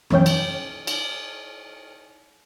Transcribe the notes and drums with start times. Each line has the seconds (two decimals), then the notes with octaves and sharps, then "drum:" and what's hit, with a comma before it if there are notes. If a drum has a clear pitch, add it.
0.10 C2 F#2 E3 C#4 G5, drum: rim click
0.26 drum: cymbal
0.87 drum: cymbal